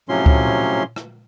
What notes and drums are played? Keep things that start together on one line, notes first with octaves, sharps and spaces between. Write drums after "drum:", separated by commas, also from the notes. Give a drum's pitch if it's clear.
A2 C3 F3 F#3 C#4 C6
drum: kick C#2
drum: rim click